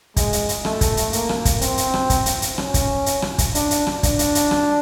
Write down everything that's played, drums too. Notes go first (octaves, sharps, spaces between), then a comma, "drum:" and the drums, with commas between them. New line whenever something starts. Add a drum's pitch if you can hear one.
G#3, drum: kick, hi-hat
drum: hi-hat
drum: hi-hat
A3, drum: rim click
drum: kick, hi-hat
drum: hi-hat
A#3, drum: hi-hat
drum: rim click
drum: kick, hi-hat
C4, drum: hi-hat
drum: hi-hat
drum: rim click
drum: kick, hi-hat
drum: hi-hat
drum: hi-hat
C#4, drum: rim click
drum: kick, hi-hat
drum: hi-hat
drum: rim click
drum: kick, hi-hat
D4, drum: hi-hat
drum: hi-hat
drum: rim click
D4, drum: kick, hi-hat
drum: hi-hat
drum: hi-hat
drum: rim click